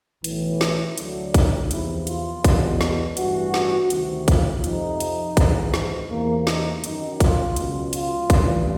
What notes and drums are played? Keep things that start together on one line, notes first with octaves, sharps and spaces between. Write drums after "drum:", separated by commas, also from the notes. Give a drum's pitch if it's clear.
B1 A2 E3, drum: hi-hat
E4, drum: snare
D2 D3 F#3, drum: hi-hat
D#4, drum: kick, hi-hat
E2 C3 F3 E4, drum: hi-hat
F4, drum: hi-hat
E2 B2 F#3, drum: kick, hi-hat
drum: snare
A1 G2 E3 F#4, drum: hi-hat
drum: snare
D2 C3 D#3, drum: hi-hat
F4, drum: kick, hi-hat
F2 C3 F3 D#4, drum: hi-hat
drum: hi-hat
G#1 G#2 E3, drum: kick, hi-hat
drum: snare
E2 C3 E3 A#3
D#4, drum: snare
F#2 D#3 F#3 D#4, drum: hi-hat
F4, drum: kick, hi-hat
C#2 B2 F#3, drum: hi-hat
F4, drum: hi-hat
A1 G2 E3, drum: kick, hi-hat